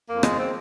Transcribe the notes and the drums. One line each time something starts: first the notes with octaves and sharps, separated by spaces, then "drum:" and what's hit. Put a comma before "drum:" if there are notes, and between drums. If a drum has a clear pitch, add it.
F2 A#3
F3 G#3, drum: rim click
G#3 C4